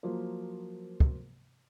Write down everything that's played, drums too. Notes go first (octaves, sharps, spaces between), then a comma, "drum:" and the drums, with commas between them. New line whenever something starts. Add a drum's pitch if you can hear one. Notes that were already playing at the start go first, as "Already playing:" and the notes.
F3 F#3 A#3 C5
drum: kick